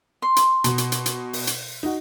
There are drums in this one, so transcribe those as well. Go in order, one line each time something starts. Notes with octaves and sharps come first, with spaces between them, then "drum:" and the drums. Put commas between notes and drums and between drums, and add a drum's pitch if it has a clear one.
C6
drum: hi-hat
B2, drum: hi-hat
drum: hi-hat
drum: hi-hat
drum: hi-hat
drum: open hi-hat
drum: hi-hat
D#4 F#4